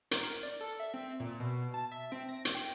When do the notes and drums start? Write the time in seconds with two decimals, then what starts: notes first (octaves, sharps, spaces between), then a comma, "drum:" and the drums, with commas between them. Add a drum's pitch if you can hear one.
0.11 A#4, drum: hi-hat
0.43 D5
0.61 A4
0.80 E5
0.94 C4
1.20 A#2
1.40 B2
1.74 A5
1.92 E5
2.12 C4
2.29 A#6
2.45 drum: hi-hat
2.55 G5